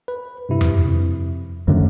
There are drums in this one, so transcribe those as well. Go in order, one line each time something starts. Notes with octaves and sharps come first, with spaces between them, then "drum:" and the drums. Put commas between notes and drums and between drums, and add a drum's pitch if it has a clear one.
B4
G2 C3 E4
drum: tom F2
F2
F#2 D3 D#3 F3 A3